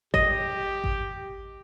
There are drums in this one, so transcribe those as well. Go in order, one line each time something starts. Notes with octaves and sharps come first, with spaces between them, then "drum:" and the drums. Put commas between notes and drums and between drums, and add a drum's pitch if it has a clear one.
G4 D#5, drum: kick G#1
drum: kick G#1